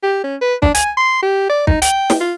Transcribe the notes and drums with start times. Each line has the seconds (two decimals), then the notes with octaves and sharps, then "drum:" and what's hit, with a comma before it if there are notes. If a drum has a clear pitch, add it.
0.03 G4
0.24 C#4
0.42 B4
0.62 D4, drum: kick
0.75 G#5, drum: hi-hat
0.97 C6
1.23 G4
1.50 D5
1.67 D#4, drum: kick
1.82 G5, drum: hi-hat
2.10 drum: snare
2.21 F4